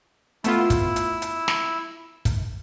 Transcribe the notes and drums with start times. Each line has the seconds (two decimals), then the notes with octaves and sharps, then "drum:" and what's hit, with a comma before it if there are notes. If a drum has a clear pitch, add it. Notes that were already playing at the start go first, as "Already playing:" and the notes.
0.44 A3 B3 E4 F4 E6, drum: hi-hat
0.70 drum: kick, hi-hat
0.96 drum: hi-hat
1.22 drum: hi-hat
1.48 drum: snare
2.25 drum: kick, hi-hat